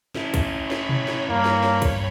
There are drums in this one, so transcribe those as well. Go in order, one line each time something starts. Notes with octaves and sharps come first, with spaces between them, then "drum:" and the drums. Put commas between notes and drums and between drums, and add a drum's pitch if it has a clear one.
C#4 E4, drum: snare
drum: kick, hi-hat
C#5 B5
drum: snare
drum: tom B2
drum: snare
G2 A#3
drum: snare
drum: snare
drum: kick, hi-hat